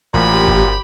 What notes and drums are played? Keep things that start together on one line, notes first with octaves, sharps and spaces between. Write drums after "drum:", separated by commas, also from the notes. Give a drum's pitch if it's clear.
A1 F#2 A#2 F3 G4 B5
drum: kick G1